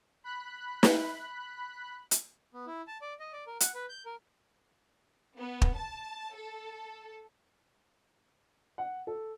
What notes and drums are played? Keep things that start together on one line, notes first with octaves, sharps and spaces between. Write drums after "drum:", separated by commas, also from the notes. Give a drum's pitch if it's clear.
B5 F#6
drum: snare
drum: hi-hat
B3
E4
A5
D5
D#5
D5
A#4
F#5, drum: hi-hat
B4
G6
A#4
B3
drum: kick
A5
A4
F#5
A4